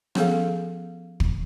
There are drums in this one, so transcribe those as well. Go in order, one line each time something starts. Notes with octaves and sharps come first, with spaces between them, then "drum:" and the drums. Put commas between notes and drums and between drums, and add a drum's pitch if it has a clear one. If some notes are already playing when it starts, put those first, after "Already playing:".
F3 B3 C#4 G#4 A4 F5, drum: rim click
drum: kick